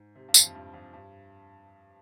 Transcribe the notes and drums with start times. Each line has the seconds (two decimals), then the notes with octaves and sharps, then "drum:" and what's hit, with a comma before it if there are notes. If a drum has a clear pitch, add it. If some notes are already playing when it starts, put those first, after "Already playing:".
Already playing: G#2
0.15 C3
0.28 G2
0.34 F2, drum: tambourine
0.46 F2
0.55 G2
0.74 F2
0.93 G2